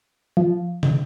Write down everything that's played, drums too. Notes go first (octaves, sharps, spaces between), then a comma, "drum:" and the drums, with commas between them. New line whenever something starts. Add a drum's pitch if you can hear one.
F3
drum: tom